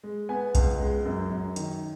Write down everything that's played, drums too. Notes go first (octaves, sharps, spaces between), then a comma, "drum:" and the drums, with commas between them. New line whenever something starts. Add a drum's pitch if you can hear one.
G#3
B3 G#5
C#2, drum: kick B1, hi-hat
G#3
F#2
F#2
D#3, drum: hi-hat